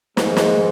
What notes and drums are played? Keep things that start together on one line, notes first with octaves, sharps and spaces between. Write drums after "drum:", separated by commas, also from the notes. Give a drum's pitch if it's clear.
F2 G#2 D#3 G#3, drum: snare
drum: snare